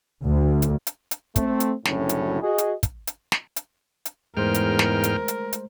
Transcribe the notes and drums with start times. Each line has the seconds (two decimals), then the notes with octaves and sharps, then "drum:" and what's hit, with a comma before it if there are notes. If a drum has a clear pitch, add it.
0.24 D2
0.62 drum: hi-hat
0.87 drum: hi-hat
1.11 drum: hi-hat
1.36 A3 C4, drum: kick, hi-hat
1.60 drum: hi-hat
1.85 F#1 C2 A2 D3 F#3 C#4, drum: snare
2.09 drum: hi-hat
2.42 F#4 G#4 D#5
2.58 drum: hi-hat
2.83 drum: kick, hi-hat
3.07 drum: hi-hat
3.32 drum: snare
3.56 drum: hi-hat
4.05 drum: hi-hat
4.37 E2 G#2 G#3 A3 A#4 C5 G5 F6
4.54 drum: hi-hat
4.79 drum: snare
5.04 drum: hi-hat
5.28 drum: hi-hat
5.53 drum: hi-hat